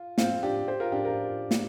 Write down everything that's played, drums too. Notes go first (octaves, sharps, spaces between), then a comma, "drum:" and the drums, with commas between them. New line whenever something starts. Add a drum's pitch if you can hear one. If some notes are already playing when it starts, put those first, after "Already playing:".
Already playing: F4
C4 F4, drum: snare
D4 G4
G4 C5
F4 A#4
D4 G4
F4 A#4
drum: snare